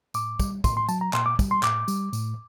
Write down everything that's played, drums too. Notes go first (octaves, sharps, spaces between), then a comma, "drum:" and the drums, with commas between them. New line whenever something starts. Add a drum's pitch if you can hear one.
A2 D6, drum: tambourine
G3, drum: kick, tambourine
A2 C6, drum: kick, tambourine
C6
F#3 A5, drum: tambourine
A#5
A#2 C6, drum: clap
D6
G3, drum: kick, tambourine
C6
A2 D6, drum: clap
G3, drum: tambourine
A2, drum: tambourine